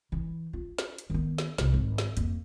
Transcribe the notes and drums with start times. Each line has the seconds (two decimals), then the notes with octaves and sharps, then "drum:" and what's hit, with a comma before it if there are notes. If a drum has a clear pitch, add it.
0.12 E3
0.53 F4
0.78 drum: snare
0.98 drum: hi-hat
1.10 D#3 B3
1.38 drum: snare
1.58 C2, drum: snare
1.74 G#1
1.98 drum: snare
2.17 F2 A#3, drum: hi-hat